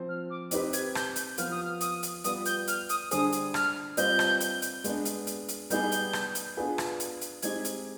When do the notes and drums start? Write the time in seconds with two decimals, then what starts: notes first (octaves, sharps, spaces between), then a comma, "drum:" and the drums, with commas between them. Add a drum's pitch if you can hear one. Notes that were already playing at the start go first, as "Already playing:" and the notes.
Already playing: F3 C4 C5
0.08 F6
0.30 D6
0.51 C4 D#4 G4 B4, drum: hi-hat
0.73 G#6, drum: hi-hat
0.95 G6, drum: rim click
1.16 G6, drum: hi-hat
1.38 F3 B3 F4 F6, drum: hi-hat
1.51 D#6
1.63 F6
1.81 D#6, drum: hi-hat
2.03 drum: hi-hat
2.24 G3 B3 F4 B4 D5 D#6, drum: hi-hat
2.45 G6, drum: hi-hat
2.67 F6, drum: hi-hat
2.89 D#6, drum: hi-hat
3.11 D3 G3 D4 G#4 C5 D#6, drum: hi-hat
3.32 drum: hi-hat
3.54 F6, drum: rim click
3.97 G3 C4 F4 B4 D#5 G6, drum: hi-hat
4.19 drum: rim click
4.40 drum: hi-hat
4.62 drum: hi-hat
4.84 G#3 B3 D4, drum: hi-hat
5.05 drum: hi-hat
5.27 drum: hi-hat
5.48 drum: hi-hat
5.70 G3 B3 D#4 G#4 G6, drum: hi-hat
5.92 drum: hi-hat
6.13 drum: rim click
6.35 drum: hi-hat
6.57 B3 D4 F4 G#4 B4
6.78 drum: rim click
7.00 drum: hi-hat
7.21 drum: hi-hat
7.42 G#3 C4 D#4 G4 G#6, drum: hi-hat
7.65 drum: hi-hat